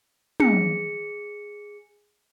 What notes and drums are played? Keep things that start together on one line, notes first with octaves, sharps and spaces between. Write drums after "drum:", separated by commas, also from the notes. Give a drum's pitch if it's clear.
G#4 C#7, drum: tom